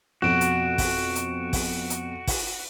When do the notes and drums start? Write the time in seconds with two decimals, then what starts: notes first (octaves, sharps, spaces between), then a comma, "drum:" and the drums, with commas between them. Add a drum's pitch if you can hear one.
0.22 F2 B2 F3 F#4 D7 E7
0.41 drum: hi-hat
0.78 drum: kick, open hi-hat
1.15 drum: hi-hat
1.53 drum: kick, open hi-hat
1.90 drum: hi-hat
2.27 drum: kick, open hi-hat